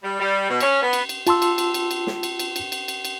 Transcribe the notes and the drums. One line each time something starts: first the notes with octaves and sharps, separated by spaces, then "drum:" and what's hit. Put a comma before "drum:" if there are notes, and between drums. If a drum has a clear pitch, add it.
G3
G3
B2
C#4, drum: cymbal
B3
drum: cymbal
drum: cymbal
F4 A5 C6 E6, drum: cymbal
drum: cymbal
drum: cymbal
drum: cymbal
drum: cymbal
drum: snare
drum: cymbal
drum: cymbal
drum: cymbal
drum: cymbal
drum: cymbal
drum: cymbal